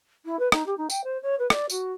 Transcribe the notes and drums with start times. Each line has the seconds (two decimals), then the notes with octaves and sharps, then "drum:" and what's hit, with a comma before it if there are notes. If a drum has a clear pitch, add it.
0.25 E4
0.39 B4
0.52 D#4, drum: rim click
0.66 G4
0.77 D#4
0.90 G5, drum: tambourine
1.04 C5
1.22 C#5
1.39 B4
1.50 D5, drum: rim click
1.70 F#4, drum: tambourine